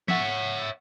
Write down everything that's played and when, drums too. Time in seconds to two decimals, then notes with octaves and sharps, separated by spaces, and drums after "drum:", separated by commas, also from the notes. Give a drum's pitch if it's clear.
0.08 C#5 E5 F#5 B6, drum: tom